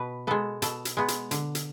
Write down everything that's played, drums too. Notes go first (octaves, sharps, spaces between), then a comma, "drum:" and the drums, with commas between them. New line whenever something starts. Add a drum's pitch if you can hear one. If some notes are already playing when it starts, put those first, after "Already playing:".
Already playing: B2 B4
G#3 B3 A4
B2 A4, drum: hi-hat
drum: hi-hat
G#3 B3
drum: hi-hat
D3, drum: hi-hat
drum: hi-hat